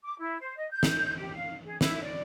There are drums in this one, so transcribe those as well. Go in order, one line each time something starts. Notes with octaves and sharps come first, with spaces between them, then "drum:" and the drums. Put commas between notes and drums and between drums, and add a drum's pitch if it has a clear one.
D6
E4
C5
D#5
G6
drum: snare
G4
F5
G#4
E4, drum: snare
D5